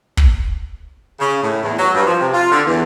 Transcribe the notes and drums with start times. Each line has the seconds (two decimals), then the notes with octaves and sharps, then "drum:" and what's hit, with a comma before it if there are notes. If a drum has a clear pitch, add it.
0.17 drum: kick
1.20 C#3
1.43 A2
1.63 E2
1.79 F#3
1.94 G2
2.06 F3
2.20 C3
2.33 F4
2.52 D3
2.66 E2